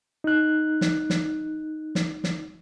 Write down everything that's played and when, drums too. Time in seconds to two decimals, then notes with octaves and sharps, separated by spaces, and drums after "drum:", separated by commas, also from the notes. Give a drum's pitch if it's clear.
0.24 D#4 F#6
0.81 drum: snare
1.10 drum: snare
1.95 drum: snare
2.24 drum: snare